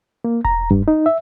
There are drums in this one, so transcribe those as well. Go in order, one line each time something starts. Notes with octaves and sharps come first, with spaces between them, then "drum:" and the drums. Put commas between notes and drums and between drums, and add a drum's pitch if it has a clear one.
A#3
A#5, drum: kick E1
G2
D#4
E5